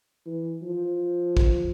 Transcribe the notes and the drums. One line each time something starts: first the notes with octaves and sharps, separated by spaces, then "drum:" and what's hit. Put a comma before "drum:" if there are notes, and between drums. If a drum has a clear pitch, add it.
E3
F3
drum: kick A#1